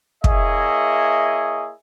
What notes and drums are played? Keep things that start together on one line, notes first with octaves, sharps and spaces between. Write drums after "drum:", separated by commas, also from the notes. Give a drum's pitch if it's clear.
A#3 E4 G#4 C#5 D#5 E5, drum: kick